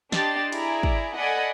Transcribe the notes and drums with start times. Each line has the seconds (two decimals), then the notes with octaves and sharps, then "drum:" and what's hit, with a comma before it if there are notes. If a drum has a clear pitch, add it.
0.12 D4 G4 D#5 A5 C6 A6, drum: snare
0.52 E4 G#4 D5 A#5, drum: cymbal
0.83 drum: kick
1.16 A4 D5 D#5 F#5 G#5 B5